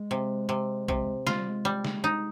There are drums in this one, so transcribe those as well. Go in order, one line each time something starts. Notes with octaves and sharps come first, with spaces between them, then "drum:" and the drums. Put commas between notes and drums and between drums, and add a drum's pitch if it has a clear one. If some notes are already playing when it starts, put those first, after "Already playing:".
Already playing: G#3
C3
C3
C3, drum: kick
G#3 F4, drum: snare
G3
G#3
G3
drum: snare
D#4